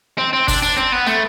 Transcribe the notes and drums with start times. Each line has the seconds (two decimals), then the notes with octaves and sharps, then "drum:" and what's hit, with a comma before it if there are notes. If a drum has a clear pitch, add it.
0.18 C4
0.33 C4
0.48 D4, drum: kick G1, open hi-hat
0.63 D4
0.78 C4
0.92 B3
1.06 A3, drum: snare